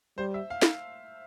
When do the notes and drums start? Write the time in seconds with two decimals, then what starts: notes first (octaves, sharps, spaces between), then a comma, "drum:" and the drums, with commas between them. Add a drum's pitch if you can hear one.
0.18 G3 C5
0.34 E5
0.50 F5
0.62 drum: snare